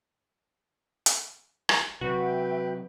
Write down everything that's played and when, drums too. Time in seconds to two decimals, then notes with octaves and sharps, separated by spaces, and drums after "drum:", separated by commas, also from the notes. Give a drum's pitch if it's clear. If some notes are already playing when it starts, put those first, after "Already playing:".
1.06 drum: hi-hat
1.69 drum: rim click
2.01 C3 F#3 F#4 B4 E5 G5